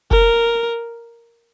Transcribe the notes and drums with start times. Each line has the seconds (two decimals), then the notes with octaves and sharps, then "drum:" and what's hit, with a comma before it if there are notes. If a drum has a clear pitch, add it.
0.11 A#4, drum: kick